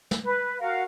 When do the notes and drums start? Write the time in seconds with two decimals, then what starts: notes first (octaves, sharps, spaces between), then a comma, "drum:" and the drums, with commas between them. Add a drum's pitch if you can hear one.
0.11 drum: snare
0.23 B4
0.59 F#4 A#4 F5 F#5